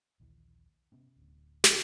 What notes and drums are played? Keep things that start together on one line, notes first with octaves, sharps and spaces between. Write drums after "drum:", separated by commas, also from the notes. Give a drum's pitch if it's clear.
A#1 D#2 E3
C3 B3 C#4
D1 D2
drum: snare